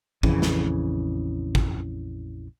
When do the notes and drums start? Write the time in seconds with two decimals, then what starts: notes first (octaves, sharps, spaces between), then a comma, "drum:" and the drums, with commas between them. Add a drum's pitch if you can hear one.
0.23 A#1 F2 C#3 E3, drum: kick
0.42 drum: snare
1.55 drum: kick